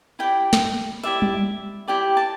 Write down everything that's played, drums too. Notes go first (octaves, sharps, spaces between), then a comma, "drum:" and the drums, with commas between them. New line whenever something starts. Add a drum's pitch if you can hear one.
E4 G4 D5 G5
drum: snare
E4 G4 D5 E5
drum: tom G3
E4 G4 D5 G5
A5